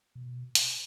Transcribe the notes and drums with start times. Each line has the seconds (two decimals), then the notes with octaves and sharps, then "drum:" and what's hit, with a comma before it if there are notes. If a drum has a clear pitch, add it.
0.15 B2
0.55 drum: hi-hat